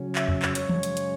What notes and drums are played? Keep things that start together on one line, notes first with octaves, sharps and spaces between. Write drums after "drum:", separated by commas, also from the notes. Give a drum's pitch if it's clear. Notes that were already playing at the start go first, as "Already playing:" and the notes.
Already playing: C#3 F#3 C#4
E5, drum: clap
drum: tom E2
drum: clap
F#2 C#3 G#3 C#5, drum: hi-hat
drum: tom
drum: hi-hat
drum: hi-hat